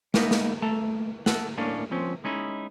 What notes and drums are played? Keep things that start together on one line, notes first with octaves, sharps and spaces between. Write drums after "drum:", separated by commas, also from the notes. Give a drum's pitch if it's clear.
G#3 A#3 B3 D#4 D#5 E5, drum: snare
drum: snare
A3 A4 A5 A#5
A4 F#5, drum: snare
A2 A#3 C#4 D4
F3 C4 C#4
G#3 C#4 D#4 E4